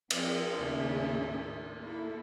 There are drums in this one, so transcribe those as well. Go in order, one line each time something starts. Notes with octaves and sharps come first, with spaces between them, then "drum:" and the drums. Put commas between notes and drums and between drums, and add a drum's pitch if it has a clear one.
F3 C4 G#4, drum: cymbal
D#2 A2 C#3 D4 G#4 E5
A#3 E4 A4